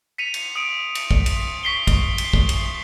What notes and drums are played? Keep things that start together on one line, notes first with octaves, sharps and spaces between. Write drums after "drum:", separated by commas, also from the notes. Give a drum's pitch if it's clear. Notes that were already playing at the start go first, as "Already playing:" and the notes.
B6 C#7 D#7 F7
drum: cymbal
D#6 D7
drum: cymbal
drum: kick
drum: cymbal
C#6 B6 C7 G7
drum: kick, cymbal
drum: cymbal
drum: kick
drum: cymbal